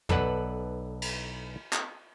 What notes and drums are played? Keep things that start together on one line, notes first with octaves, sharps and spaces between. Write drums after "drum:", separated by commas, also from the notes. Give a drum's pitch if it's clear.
B1 A4 B4 D5 F#5, drum: tom
drum: cymbal
drum: clap